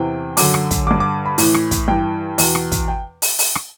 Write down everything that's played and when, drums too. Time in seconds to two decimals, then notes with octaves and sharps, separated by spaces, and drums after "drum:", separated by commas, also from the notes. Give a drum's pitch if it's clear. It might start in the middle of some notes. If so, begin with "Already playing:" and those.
Already playing: E2 C3 E3 G5
0.37 F#2 D3 D6, drum: open hi-hat
0.54 drum: rim click
0.71 drum: kick, hi-hat
0.87 G2 D3 D6
1.00 D6
1.25 B5
1.38 A2 E3, drum: open hi-hat
1.54 drum: rim click
1.71 drum: kick, hi-hat
1.88 G2 E3 G5
2.38 E2 B2, drum: open hi-hat
2.55 drum: rim click
2.72 drum: kick, hi-hat
2.88 G5
3.22 drum: open hi-hat
3.39 drum: open hi-hat
3.55 drum: rim click